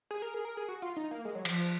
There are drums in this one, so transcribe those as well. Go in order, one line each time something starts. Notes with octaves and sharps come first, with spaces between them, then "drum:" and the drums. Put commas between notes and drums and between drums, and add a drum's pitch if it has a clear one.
G#4
A#4
G#4
A#4
G#4
F#4
F4
D#4
A#3
G#3
F#3
F3, drum: cymbal